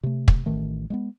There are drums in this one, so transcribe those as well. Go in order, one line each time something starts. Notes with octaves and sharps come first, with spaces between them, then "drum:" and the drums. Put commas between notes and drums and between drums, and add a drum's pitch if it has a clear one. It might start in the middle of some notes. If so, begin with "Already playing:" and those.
C3 A3
drum: kick
A1 A2 D#3 A3
G#3 A3 B3